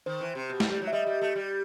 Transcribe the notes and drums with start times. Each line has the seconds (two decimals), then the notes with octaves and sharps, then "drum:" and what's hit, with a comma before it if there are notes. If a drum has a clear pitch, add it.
0.06 D#3 C5
0.21 E3
0.35 C3
0.50 B2
0.60 G3, drum: snare
0.71 G3
0.82 F#3
0.87 E5
0.93 G3 D#5
1.07 G3
1.21 A3
1.35 G3